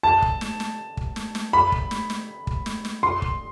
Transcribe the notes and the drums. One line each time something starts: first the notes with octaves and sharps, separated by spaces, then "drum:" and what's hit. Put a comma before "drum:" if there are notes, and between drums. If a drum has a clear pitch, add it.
A5
drum: kick
drum: snare
drum: snare
drum: kick
drum: snare
drum: snare
B5
drum: kick
drum: snare
drum: snare
drum: kick
drum: snare
drum: snare
C6
drum: kick